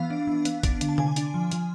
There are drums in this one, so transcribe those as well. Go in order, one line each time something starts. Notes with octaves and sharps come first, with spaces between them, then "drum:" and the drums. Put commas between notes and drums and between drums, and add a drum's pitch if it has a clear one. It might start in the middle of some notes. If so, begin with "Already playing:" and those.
Already playing: E3 B3 F5
D4
E3
B3, drum: hi-hat
D4, drum: kick, hi-hat
D3, drum: hi-hat
A5
D3 G#5, drum: tom C3
D4, drum: hi-hat
F3
F3, drum: hi-hat